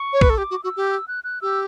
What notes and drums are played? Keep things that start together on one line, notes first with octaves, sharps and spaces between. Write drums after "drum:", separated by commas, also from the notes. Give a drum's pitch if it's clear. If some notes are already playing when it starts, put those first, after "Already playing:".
Already playing: C#6
C#5
B4, drum: kick
A4
G4 D6
F#4
F#4 E6
G4
E6
F#6
F#6
G4 E6